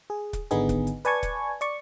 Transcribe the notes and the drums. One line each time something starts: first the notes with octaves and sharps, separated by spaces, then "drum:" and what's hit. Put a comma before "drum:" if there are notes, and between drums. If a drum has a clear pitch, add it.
G#4
drum: kick, hi-hat
G#1 D3 B3 D#4 G#4, drum: hi-hat
drum: kick, hi-hat
drum: hi-hat
B4 D5 G#5 A5 C#6 G#6, drum: hi-hat
drum: kick, hi-hat
D5 C#6, drum: hi-hat